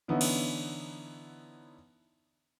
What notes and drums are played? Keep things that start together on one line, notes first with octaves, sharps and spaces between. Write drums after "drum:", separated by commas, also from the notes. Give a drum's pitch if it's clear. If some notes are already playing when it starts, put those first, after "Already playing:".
D3 E3 B3 C#4 D#4 E4
drum: cymbal